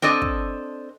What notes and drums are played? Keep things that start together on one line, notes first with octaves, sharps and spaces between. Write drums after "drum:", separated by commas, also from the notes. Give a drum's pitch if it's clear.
C4 D4 A4 D#5
drum: kick